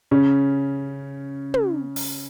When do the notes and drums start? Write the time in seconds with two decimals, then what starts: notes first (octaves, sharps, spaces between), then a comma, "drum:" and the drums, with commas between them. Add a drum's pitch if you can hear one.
0.11 C#3 C#4
1.54 drum: tom
1.96 drum: open hi-hat